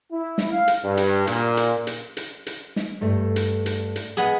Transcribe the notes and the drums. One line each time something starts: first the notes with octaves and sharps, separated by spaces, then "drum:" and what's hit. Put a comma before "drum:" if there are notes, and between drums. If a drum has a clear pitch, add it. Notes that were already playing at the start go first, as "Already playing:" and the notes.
E4
drum: snare
F5
drum: hi-hat
G2
drum: hi-hat
A#2, drum: hi-hat
drum: hi-hat
drum: hi-hat
drum: hi-hat
drum: hi-hat
drum: snare
G2 A3
drum: hi-hat
drum: hi-hat
drum: hi-hat
G#3 B3 G#4